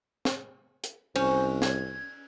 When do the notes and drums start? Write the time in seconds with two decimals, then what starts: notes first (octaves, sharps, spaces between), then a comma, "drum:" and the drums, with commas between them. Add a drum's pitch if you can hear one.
0.25 drum: snare
0.84 drum: hi-hat
1.16 C2 C#4 C5, drum: cymbal
1.62 G#6, drum: snare